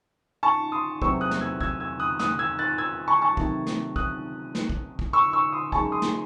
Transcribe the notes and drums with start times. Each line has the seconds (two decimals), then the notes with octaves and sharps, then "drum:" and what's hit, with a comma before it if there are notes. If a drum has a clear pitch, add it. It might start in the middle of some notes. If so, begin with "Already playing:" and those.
0.43 A5 C#6
0.72 C6 D#6
1.02 E2 C3 F#3 A3 C4 C#6 E6, drum: kick
1.21 D#6 F#6
1.31 drum: snare
1.41 E6 G#6
1.61 E6 G#6, drum: kick
1.80 E6 G#6
2.00 D#6 F#6
2.19 D#6 F#6, drum: snare
2.39 E6 G#6
2.59 F#6 A6
2.78 E6 G#6
3.08 A5 C#6
3.22 A5 C#6
3.37 C3 D#3 F#3 A3, drum: kick
3.67 drum: snare
3.96 D#6 F#6, drum: kick
4.55 drum: snare
4.69 drum: kick
4.99 drum: kick
5.13 C#6 E6
5.33 C#6 E6
5.52 C6 D#6
5.72 F#2 C#3 G#3 D#4 A5 C#6, drum: kick
5.92 C6 D#6
6.02 drum: snare